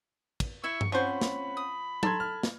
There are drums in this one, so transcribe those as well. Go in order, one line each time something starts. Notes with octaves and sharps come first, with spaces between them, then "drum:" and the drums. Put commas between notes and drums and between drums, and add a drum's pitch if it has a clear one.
drum: kick, cymbal
E4 E5 C#6
drum: tom G2
F3 C4 C#4 C5 F#5 B5 C#6
drum: snare
D#6
A4 A#5 C6 G#6, drum: tom F#3
F6
drum: snare